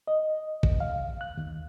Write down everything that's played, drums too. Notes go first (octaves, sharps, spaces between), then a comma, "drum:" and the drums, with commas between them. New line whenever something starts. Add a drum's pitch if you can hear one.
D#5
drum: kick A1
F5
F#6
D#2